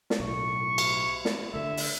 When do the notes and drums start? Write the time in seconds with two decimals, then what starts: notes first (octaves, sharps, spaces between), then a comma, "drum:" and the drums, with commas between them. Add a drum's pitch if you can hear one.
0.10 drum: snare
0.20 B1 A2 C#6
0.78 drum: cymbal
1.25 drum: snare
1.54 D3 A3 E5
1.77 drum: open hi-hat